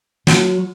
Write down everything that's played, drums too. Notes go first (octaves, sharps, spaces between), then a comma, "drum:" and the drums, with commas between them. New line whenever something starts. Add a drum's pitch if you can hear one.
F#3, drum: snare